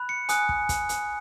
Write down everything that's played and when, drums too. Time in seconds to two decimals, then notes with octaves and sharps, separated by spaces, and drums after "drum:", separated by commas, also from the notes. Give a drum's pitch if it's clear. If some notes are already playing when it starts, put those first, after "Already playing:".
Already playing: B5 F#6
0.09 C#7
0.29 G#5 D#6 F#6, drum: hi-hat
0.49 drum: kick
0.69 drum: kick, hi-hat
0.89 drum: hi-hat